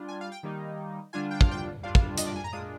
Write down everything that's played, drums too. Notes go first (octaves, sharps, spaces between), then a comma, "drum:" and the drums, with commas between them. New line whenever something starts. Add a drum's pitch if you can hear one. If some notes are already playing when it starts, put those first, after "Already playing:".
Already playing: G3 D4 F4
G#5
F5
G5
D#3 G3 A#3 D#4
D3 G3 D4 F4 G#5
G5
F5, drum: kick
G5
G3 D4 F4 F5
F5, drum: kick
D#5, drum: hi-hat
D5
G#5
A#5
A#2 G#3 D4 F4 D#6